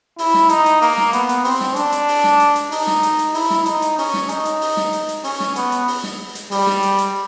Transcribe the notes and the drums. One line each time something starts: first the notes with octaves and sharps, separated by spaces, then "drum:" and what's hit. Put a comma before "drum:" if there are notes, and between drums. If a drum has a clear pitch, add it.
E4, drum: open hi-hat
drum: snare
D#4, drum: hi-hat
drum: hi-hat
A#3, drum: open hi-hat
drum: snare
B3, drum: hi-hat
drum: hi-hat
C4, drum: open hi-hat
drum: snare
D4, drum: hi-hat
drum: hi-hat
drum: open hi-hat
drum: snare
drum: hi-hat
drum: hi-hat
D#4, drum: open hi-hat
drum: snare
drum: hi-hat
drum: hi-hat
E4, drum: open hi-hat
drum: snare
D#4, drum: hi-hat
drum: hi-hat
C#4, drum: open hi-hat
drum: snare
D#4, drum: hi-hat
drum: hi-hat
drum: open hi-hat
drum: snare
drum: hi-hat
drum: hi-hat
C#4, drum: open hi-hat
drum: snare
B3, drum: hi-hat
drum: hi-hat
drum: open hi-hat
drum: snare
drum: hi-hat
G3, drum: open hi-hat
drum: snare
drum: hi-hat
drum: hi-hat